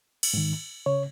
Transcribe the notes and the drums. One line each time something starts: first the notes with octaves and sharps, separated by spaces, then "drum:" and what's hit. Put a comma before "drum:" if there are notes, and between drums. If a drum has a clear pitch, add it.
drum: cymbal
G#2 D#3
C#3 C#5